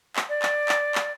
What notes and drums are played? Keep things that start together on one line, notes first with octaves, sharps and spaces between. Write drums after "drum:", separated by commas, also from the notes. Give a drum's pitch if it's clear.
drum: clap
D5
drum: clap
drum: clap
drum: clap